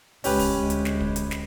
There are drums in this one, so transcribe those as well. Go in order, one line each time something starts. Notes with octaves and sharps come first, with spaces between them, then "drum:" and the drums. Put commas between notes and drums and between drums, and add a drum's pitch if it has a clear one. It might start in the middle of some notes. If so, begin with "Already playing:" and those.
C#2 G#3 C#4 G4 B4, drum: open hi-hat
drum: kick, open hi-hat
D2 G#3
drum: hi-hat
drum: snare
drum: kick
drum: hi-hat
drum: snare